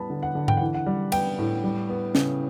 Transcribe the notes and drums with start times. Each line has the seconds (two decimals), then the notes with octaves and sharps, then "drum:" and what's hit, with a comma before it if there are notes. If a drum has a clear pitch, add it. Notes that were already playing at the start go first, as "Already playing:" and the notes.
Already playing: A2 G3 B3 A5 B5
0.10 D3
0.23 F#5
0.35 D3
0.48 G5, drum: tom G#2
0.57 F#5
0.61 E3
0.74 F#5
0.86 G3
1.12 B3 G5, drum: cymbal
1.38 A2
1.64 G3
1.89 B3
2.15 C#3, drum: snare